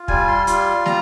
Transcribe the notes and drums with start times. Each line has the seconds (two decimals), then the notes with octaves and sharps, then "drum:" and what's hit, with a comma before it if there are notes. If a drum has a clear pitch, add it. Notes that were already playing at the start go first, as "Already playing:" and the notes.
Already playing: F4
0.08 G3 G#5, drum: kick
0.28 C6
0.47 F4 C6, drum: hi-hat
0.86 G3 A#5, drum: snare